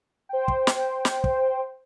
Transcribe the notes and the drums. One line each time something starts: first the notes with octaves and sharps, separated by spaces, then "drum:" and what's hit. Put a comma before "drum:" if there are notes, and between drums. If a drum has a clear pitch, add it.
C5 G5
drum: kick
drum: snare
drum: snare
drum: kick